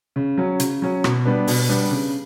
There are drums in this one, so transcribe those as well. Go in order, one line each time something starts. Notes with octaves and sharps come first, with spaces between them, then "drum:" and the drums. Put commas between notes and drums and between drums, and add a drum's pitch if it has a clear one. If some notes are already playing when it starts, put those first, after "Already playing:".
C#3
F#3 C#4
C#3, drum: hi-hat
F#3 C#4
B2, drum: rim click
G3 B3 D4
B2, drum: open hi-hat
G3 B3 D4
C#3